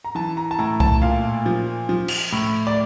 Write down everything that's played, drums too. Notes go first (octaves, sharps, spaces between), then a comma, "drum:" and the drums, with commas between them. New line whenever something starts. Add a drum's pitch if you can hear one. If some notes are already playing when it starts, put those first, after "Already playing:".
A#5
E3 A5
A#5
A5
A2 A#5
A5, drum: kick C2
A#2 F5
F3
F3
drum: cymbal
A2
D5